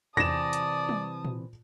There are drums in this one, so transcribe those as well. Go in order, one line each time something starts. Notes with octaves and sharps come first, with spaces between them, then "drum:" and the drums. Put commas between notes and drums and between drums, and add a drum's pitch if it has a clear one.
C3 E3 D5 A5 D#6 A#6 E7, drum: tom E2
drum: hi-hat
drum: tom G3
drum: tom A#2